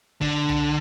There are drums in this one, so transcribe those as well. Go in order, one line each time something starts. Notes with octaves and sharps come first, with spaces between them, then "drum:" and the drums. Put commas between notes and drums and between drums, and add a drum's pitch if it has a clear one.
D3, drum: kick
drum: tom C2